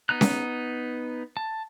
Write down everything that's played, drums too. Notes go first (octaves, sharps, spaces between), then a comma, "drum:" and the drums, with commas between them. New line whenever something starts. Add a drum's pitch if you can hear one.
B3 D#4 A#5 F#6
drum: snare C#4
A5